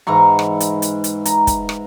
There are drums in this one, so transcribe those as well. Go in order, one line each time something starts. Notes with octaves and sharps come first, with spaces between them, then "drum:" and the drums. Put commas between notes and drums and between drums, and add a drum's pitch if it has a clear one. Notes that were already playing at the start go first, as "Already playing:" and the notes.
G#2 E3 A#5 C#6
drum: rim click
drum: hi-hat
drum: hi-hat
drum: hi-hat
A#5, drum: hi-hat
drum: kick, hi-hat
drum: rim click